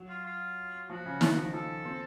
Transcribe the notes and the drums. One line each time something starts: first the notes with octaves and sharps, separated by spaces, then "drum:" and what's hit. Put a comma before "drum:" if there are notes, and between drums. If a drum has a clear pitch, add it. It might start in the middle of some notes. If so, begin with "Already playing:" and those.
Already playing: F#3
F4
F4
F3 F#4
C#3
D#3, drum: snare
F3
F3 A4
C4